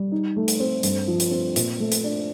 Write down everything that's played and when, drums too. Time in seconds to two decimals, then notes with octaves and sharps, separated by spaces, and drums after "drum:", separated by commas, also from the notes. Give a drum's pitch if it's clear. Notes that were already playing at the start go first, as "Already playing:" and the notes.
Already playing: G3
0.12 D#4
0.36 A3
0.48 drum: hi-hat
0.60 C4
0.83 G2, drum: hi-hat
1.08 F3
1.20 drum: hi-hat
1.31 C4
1.56 A#2, drum: hi-hat
1.80 A3
1.92 drum: hi-hat
2.04 D4